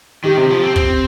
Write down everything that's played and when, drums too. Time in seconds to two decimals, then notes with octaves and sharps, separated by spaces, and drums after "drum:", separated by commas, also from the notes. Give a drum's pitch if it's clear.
0.24 D#3 G4
0.37 C3
0.50 F3
0.63 C4
0.76 C4, drum: kick